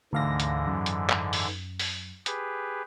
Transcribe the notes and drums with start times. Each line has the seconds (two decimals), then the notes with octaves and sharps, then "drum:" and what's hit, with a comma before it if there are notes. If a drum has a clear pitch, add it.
0.13 D2 G#2 D3 E3 F5 A#6
0.40 drum: hi-hat
0.67 F#2
0.86 drum: hi-hat
1.10 drum: clap
1.33 drum: open hi-hat
1.79 drum: open hi-hat
2.26 G4 G#4 B4, drum: hi-hat